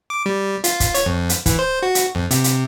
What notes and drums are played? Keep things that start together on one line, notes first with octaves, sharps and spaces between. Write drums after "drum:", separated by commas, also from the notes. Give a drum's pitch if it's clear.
D6
G3
F4, drum: hi-hat
drum: kick, hi-hat
C#5, drum: hi-hat
F2
drum: hi-hat
E3, drum: kick, hi-hat
C5
F#4
drum: hi-hat
F2
C3, drum: hi-hat
drum: hi-hat